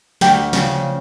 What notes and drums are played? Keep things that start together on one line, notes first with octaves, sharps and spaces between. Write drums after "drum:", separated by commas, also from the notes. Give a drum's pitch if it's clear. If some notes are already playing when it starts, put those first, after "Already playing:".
D2 G5, drum: snare
C#3 F3, drum: snare